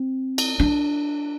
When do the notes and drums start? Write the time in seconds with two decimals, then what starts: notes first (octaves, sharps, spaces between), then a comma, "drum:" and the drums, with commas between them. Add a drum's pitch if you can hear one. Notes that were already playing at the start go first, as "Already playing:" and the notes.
Already playing: C4
0.38 drum: cymbal
0.60 D4